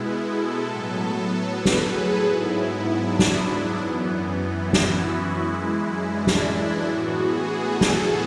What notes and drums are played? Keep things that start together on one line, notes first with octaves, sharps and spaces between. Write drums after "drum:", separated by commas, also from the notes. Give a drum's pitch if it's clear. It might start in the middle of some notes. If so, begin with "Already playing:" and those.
Already playing: B2 G#3 B3 E4
A4
A2 F#3 B3
B4
drum: snare
G#4
G#2 F#3 B3 E4
D4
drum: snare
F#2 E3 B3
E4
drum: snare
F#4
F#2 E3 G#3 E4
D4
drum: snare
E4
A2 E3 B3 F#4
G#4
A4
drum: snare